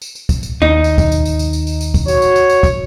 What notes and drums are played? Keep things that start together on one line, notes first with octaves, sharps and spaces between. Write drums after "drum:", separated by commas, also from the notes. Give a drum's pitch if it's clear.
drum: tambourine
drum: tambourine
drum: kick, tambourine
drum: tambourine
D#2 D#4
drum: tambourine
drum: kick, tambourine
drum: tambourine
drum: tambourine
drum: tambourine
drum: tambourine
drum: tambourine
drum: tambourine
drum: kick, tambourine
F#4 C#5, drum: tambourine
drum: tambourine
drum: tambourine
drum: tambourine
drum: kick, tambourine